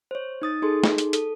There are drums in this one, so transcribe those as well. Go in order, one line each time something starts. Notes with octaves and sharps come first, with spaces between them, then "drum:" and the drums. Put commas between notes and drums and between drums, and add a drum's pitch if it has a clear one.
C5 C#5
D#4 D#6 A6
D#4 G#4 A4 C6
drum: snare
drum: hi-hat
A4, drum: hi-hat